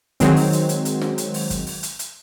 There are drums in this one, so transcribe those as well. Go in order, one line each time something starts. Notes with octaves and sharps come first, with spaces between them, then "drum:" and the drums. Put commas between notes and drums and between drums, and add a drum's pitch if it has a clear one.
D#3 F#3 G#3 C4, drum: kick F#1, hi-hat
drum: open hi-hat
drum: hi-hat
drum: hi-hat
drum: hi-hat
drum: snare
drum: hi-hat
drum: open hi-hat
drum: kick F#1, hi-hat
drum: open hi-hat
drum: hi-hat
drum: hi-hat